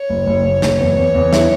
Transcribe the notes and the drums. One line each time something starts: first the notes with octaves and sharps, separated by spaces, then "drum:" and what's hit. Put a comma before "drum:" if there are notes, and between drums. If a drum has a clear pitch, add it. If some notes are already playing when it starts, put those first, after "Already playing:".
Already playing: C#5
F#1
F#1
F#1
F#1, drum: snare
E2
E2
E2
E4, drum: snare